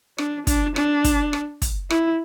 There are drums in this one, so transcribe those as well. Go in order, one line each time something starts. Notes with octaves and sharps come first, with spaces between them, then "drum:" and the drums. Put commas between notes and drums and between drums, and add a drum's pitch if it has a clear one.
D4, drum: rim click
D4, drum: kick, hi-hat
D4, drum: rim click
drum: kick, hi-hat
drum: rim click
drum: kick, hi-hat
E4, drum: rim click